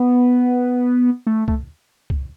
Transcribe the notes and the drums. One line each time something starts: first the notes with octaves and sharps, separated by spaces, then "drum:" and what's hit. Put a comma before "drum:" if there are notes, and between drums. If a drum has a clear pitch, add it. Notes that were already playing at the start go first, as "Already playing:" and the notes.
Already playing: B3
A3
A3, drum: kick
drum: kick